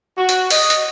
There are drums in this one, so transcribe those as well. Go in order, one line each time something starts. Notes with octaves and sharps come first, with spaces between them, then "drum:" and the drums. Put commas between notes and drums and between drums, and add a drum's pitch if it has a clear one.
F#4
drum: hi-hat
D#5, drum: open hi-hat
drum: hi-hat